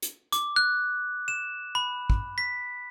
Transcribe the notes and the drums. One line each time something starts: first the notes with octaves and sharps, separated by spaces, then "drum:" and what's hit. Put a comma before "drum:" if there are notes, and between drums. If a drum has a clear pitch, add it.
drum: hi-hat
D6, drum: hi-hat
F#6
E7
B5
drum: kick
B6